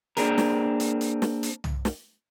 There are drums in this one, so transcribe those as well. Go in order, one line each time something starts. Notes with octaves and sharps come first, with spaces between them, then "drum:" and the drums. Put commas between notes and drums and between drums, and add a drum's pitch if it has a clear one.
A#3 C4 D4 G#4 A#4, drum: hi-hat
drum: snare
drum: hi-hat
drum: hi-hat
drum: snare
drum: hi-hat
drum: tom
drum: snare